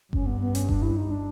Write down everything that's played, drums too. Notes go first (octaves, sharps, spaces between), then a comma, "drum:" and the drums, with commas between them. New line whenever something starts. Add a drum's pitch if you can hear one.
G2 C#4, drum: kick F#1
B3
B3
C#4, drum: hi-hat
D4, drum: kick F#1
E4
D#4
D4